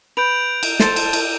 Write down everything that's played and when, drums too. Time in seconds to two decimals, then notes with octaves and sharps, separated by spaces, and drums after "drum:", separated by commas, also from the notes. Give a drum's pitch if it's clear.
0.17 B4 G6 D7 F7
0.63 drum: cymbal
0.80 A4 C5 A5, drum: snare
0.96 drum: cymbal
1.13 drum: cymbal